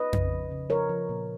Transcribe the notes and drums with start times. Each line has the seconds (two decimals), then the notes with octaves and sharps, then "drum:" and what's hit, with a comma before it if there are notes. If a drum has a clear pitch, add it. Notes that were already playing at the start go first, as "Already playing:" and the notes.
Already playing: B4 D#5
0.13 C#3, drum: tom F2
0.32 F3
0.51 C#3
0.70 F3 A#4 C#5
0.89 F3
1.09 A#2